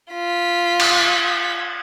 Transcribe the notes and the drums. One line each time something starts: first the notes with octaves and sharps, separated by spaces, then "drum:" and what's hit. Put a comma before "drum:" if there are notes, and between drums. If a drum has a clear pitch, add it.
F4 B6
drum: cymbal